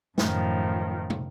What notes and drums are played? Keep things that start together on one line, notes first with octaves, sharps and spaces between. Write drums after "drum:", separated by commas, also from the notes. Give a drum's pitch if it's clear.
F#2 A2 D#3 F3, drum: snare
drum: tom